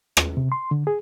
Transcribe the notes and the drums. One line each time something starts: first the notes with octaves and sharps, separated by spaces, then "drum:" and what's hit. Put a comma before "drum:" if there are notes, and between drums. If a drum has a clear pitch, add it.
drum: rim click
C3
C6
D3
G#4